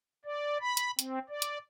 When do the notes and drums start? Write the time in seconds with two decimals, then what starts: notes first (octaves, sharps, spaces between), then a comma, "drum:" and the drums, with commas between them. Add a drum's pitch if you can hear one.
0.25 D5
0.61 B5
0.77 drum: hi-hat
0.99 C4, drum: hi-hat
1.29 D5
1.42 drum: hi-hat